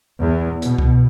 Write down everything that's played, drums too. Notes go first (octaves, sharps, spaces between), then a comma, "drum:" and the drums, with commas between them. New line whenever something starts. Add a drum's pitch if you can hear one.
E2
B2, drum: hi-hat
drum: kick C2